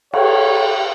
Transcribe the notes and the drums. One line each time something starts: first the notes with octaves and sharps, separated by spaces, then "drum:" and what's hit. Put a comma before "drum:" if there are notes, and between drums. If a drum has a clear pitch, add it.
A4 C#5 G5, drum: cymbal